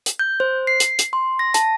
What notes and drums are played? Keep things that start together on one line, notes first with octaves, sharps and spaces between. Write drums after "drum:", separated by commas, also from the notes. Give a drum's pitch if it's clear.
drum: hi-hat
G6
C5
C7
drum: hi-hat
drum: hi-hat
C6
A#6
A5, drum: hi-hat